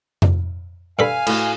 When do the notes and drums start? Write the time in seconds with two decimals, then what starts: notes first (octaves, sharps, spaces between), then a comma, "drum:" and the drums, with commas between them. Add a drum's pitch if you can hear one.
0.22 drum: tom F2
0.99 G2 A4 F5 G#5 B5
1.27 A2 F#4, drum: cymbal